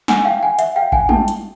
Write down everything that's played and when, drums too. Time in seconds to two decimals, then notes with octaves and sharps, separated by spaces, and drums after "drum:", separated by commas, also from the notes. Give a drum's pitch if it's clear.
0.08 F#5 G#5, drum: snare
0.25 F5 G5
0.43 F#5 G#5
0.59 E5 F#5, drum: hi-hat
0.76 F5 G5
0.92 F#5 G#5, drum: kick A1
1.09 G5 A5, drum: tom
1.28 drum: hi-hat